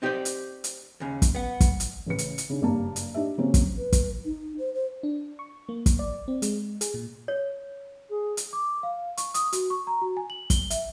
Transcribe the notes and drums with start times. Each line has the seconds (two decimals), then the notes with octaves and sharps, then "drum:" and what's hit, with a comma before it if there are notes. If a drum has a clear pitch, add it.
0.02 C4 D#4 G4 A#4 C5 D5
0.25 drum: hi-hat
0.64 drum: hi-hat
1.00 D#2 C#3
1.22 drum: kick, hi-hat
1.35 B3 F#5
1.60 drum: kick, hi-hat
1.80 drum: hi-hat
2.07 A1 C#3 B4 C#7
2.18 drum: hi-hat
2.38 drum: hi-hat
2.49 C#3 D4
2.61 F#1 G2 A#3 A5
2.96 drum: hi-hat
3.15 D4 D#4 G4 E5
3.38 C#3 F#3 A#3 C4 C#4
3.54 drum: kick, hi-hat
3.78 B4
3.93 drum: kick, hi-hat
4.25 D#4
4.59 C5
4.74 C5
5.03 D4
5.39 C#6
5.69 A#3
5.86 drum: kick, hi-hat
5.99 D5
6.28 C4
6.42 G#3, drum: hi-hat
6.81 G#4, drum: hi-hat
6.94 A#2
7.28 C#5
8.09 G#4
8.37 drum: hi-hat
8.53 D6
8.83 F5
9.17 C#6, drum: hi-hat
9.34 D#6, drum: hi-hat
9.53 F#4, drum: hi-hat
9.70 C#6
9.87 A#5
10.01 F#4
10.17 G#5
10.30 F#7
10.50 G7, drum: kick, hi-hat
10.70 E5, drum: hi-hat